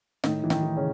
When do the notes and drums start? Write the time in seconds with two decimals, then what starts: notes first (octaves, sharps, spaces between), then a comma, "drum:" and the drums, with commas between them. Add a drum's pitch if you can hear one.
0.24 A2 D#3 D#4, drum: snare
0.44 E3
0.50 D#3 D#4, drum: snare
0.63 E3
0.77 C#3 C#4